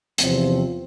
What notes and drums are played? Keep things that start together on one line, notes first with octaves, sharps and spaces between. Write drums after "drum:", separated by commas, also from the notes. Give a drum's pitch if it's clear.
E2 C3 F3 C4, drum: hi-hat